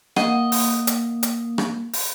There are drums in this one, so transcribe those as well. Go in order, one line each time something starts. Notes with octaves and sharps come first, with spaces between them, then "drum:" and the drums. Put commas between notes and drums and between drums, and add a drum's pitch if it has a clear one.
A#3 D#5 F#5, drum: rim click
drum: open hi-hat
drum: hi-hat
drum: hi-hat
drum: rim click
drum: open hi-hat